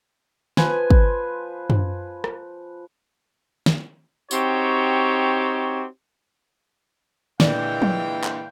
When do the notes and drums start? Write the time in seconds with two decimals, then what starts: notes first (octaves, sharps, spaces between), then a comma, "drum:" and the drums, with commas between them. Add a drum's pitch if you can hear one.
0.57 F3 B4 C5 G#5, drum: snare
0.91 drum: kick
1.70 drum: tom F#2
2.24 drum: rim click
3.66 drum: snare
4.31 C4 D#4 F#4 G4 C#5, drum: tambourine
7.40 A#2 D3 E3 G#3 E4 D5 F5 G5, drum: snare
7.82 drum: tom F3
8.24 drum: clap